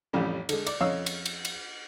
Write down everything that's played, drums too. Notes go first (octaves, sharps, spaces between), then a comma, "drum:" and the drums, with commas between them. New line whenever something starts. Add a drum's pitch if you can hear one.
A1 F2 A2 G3 C#4
D3 G#3, drum: cymbal
D5, drum: cymbal
F2 C#4 C#5 D#5 F5 E6
drum: cymbal
drum: cymbal
drum: cymbal